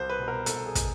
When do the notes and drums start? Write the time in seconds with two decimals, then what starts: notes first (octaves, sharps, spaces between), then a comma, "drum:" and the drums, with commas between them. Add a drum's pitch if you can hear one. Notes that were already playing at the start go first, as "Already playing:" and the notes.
Already playing: C2 C5
0.09 B4
0.19 B2
0.28 A#4
0.46 C2 A4, drum: hi-hat
0.65 G#4
0.75 B2, drum: kick, hi-hat